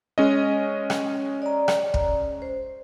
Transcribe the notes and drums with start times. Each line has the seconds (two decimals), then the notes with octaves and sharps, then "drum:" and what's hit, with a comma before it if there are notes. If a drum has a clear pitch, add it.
0.18 G#3 C#4 D#5
0.90 drum: rim click
1.42 D5 A#5
1.68 drum: rim click
1.94 drum: kick
2.42 C5